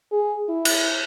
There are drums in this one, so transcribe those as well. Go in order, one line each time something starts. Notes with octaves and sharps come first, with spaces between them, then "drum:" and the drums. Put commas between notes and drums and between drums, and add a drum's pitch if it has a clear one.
G#4
E4
drum: cymbal